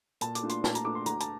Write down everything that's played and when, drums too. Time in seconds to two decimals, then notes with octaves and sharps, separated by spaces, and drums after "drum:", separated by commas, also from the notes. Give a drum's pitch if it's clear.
0.21 A#2 A5, drum: hi-hat
0.35 D6, drum: hi-hat
0.43 A3 D4 F4
0.49 C6, drum: hi-hat
0.64 A#2 A5, drum: snare
0.75 A#5, drum: hi-hat
0.85 A3 D4 F4 D6
0.95 C6
1.06 D2 A#5, drum: hi-hat
1.20 A5, drum: hi-hat